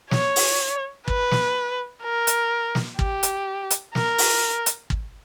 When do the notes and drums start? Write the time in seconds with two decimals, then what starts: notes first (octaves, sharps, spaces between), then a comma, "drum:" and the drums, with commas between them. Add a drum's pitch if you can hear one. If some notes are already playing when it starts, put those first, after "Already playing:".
0.11 C#5, drum: snare
0.36 drum: open hi-hat
1.08 B4, drum: kick
1.31 drum: snare
2.03 A#4
2.27 drum: hi-hat
2.75 drum: snare
2.99 G4, drum: kick
3.23 drum: hi-hat
3.70 drum: hi-hat
3.95 A#4, drum: snare
4.18 drum: open hi-hat
4.66 drum: hi-hat
4.90 drum: kick